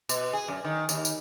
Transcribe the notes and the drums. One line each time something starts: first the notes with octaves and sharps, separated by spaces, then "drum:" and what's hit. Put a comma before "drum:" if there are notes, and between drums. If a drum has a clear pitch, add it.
B2, drum: tambourine
G#4
F#2
D#3
D#2, drum: tambourine
drum: tambourine